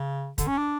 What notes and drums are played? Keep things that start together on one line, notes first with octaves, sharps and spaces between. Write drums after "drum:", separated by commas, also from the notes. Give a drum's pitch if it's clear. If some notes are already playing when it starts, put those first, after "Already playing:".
Already playing: C#3
D3, drum: kick, hi-hat
C#4
D4